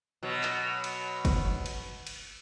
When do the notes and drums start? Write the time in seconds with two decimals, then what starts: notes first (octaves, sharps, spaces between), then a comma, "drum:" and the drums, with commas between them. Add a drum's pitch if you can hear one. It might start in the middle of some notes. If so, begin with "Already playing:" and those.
0.23 B2 F#3
0.43 drum: clap
0.84 drum: cymbal
1.25 drum: kick F#1, cymbal
1.66 drum: cymbal
2.07 drum: cymbal